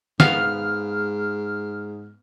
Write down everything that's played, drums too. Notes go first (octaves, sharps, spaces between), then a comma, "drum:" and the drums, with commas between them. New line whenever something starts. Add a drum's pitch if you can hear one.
G#2 B3 F5 F6, drum: snare